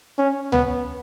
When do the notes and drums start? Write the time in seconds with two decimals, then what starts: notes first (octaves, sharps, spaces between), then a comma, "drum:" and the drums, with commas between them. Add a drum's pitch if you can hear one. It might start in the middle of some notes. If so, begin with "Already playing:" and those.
0.18 C#4
0.52 B3, drum: tom C#2